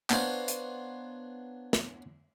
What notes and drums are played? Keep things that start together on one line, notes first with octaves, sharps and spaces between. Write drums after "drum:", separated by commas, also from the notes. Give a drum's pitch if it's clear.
B3 D4 C5 C#5 F5 A#5, drum: clap
drum: hi-hat
drum: snare